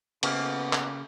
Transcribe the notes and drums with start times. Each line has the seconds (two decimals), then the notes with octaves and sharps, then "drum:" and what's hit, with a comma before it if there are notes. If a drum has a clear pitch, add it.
0.23 C#3 A#3 B3, drum: cymbal
0.73 drum: clap